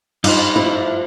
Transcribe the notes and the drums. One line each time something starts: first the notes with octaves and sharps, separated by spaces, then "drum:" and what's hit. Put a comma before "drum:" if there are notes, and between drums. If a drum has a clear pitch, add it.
G2 D#4 F4 G4 B4 C5, drum: cymbal
F3 A3 E4